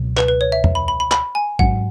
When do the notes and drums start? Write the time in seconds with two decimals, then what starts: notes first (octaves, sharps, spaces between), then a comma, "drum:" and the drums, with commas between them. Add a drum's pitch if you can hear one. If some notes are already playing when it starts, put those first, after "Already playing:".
Already playing: C#2 B2 F#3
0.17 B4, drum: clap
0.28 B4
0.41 C#5
0.52 E5
0.64 drum: tom
0.75 B5
0.88 B5
1.00 B5
1.11 B5, drum: clap
1.35 G#5
1.59 G#2 F#3 C#4 F#5, drum: kick